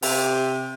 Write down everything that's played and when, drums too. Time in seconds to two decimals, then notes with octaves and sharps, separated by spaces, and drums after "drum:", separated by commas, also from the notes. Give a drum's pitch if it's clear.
0.03 C3, drum: open hi-hat